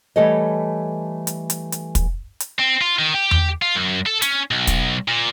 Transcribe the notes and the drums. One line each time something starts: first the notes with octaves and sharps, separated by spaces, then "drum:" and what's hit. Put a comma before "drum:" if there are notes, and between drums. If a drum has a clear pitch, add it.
E3 G3 A3 A4 C#5 D#5
drum: hi-hat
drum: hi-hat
drum: hi-hat
drum: kick, hi-hat
drum: hi-hat
C4
F4
D#3
G4
drum: tom E2
F4
F#2
A4
C#4, drum: hi-hat
B1
drum: kick, hi-hat
A#2